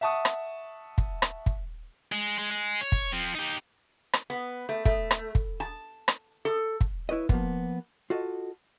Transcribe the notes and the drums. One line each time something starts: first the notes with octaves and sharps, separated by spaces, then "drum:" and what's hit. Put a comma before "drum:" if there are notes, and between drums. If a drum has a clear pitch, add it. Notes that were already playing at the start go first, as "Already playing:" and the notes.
E5 F#5 A5 C#6 D#6
drum: rim click
drum: kick
drum: rim click
drum: kick
G#3
G#3
G#3
C#5
drum: kick
F3 C4
D#4 G4
drum: rim click
B3
A3
A3, drum: kick
drum: rim click
drum: kick
A5
drum: rim click
A4
drum: kick
E4 B4 C#5 D#5
F3 A#3 B3, drum: kick
F4 F#4 A4 D#5